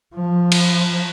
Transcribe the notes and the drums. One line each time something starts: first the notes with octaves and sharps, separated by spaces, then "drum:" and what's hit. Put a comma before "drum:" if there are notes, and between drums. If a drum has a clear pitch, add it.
F3
drum: cymbal